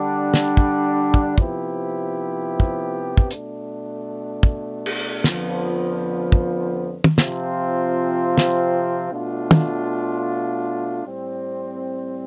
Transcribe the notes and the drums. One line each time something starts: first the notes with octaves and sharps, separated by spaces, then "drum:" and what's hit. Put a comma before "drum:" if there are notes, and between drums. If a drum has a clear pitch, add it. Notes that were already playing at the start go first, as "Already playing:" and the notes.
Already playing: D3 G3 D4
drum: snare
drum: kick
drum: kick
C3 F3 B3 E4 G4, drum: kick
drum: kick
drum: kick
B2 A3 D4, drum: hi-hat
drum: kick
drum: cymbal
F2 D3 F3 B3 F4, drum: snare
drum: kick
drum: tom
C3 F3 C4 F4, drum: snare
drum: snare
B2 A3 D4 F4
drum: tom
A2 G3 C4